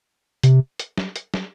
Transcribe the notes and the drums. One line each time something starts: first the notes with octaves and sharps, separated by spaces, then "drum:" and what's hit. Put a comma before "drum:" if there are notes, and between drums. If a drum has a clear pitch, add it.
C3, drum: hi-hat
drum: hi-hat
drum: snare
drum: hi-hat
drum: snare